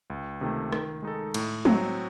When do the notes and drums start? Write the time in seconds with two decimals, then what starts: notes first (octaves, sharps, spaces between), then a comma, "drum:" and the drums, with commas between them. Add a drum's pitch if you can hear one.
0.10 C#2
0.41 C3 D#3 A3
0.72 D#3, drum: rim click
1.03 G#3 D#4 A4
1.34 A2, drum: cymbal
1.65 F#3 C4, drum: tom